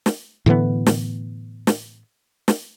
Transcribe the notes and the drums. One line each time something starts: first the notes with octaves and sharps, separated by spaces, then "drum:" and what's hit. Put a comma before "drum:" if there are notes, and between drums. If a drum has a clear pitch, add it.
drum: snare
A2 D3 E3 B3
drum: snare
drum: snare
drum: snare